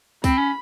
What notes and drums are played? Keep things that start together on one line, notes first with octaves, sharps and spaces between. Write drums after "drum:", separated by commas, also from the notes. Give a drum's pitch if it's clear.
C4 B5, drum: kick C2, open hi-hat
C#4